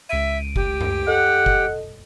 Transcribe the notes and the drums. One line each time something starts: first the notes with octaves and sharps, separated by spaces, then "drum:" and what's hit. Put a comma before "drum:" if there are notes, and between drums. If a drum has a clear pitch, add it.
C#2 E5 D7 D#7
G4, drum: kick F#1
drum: tom F#2
A4 D#5 F#5
drum: kick F#1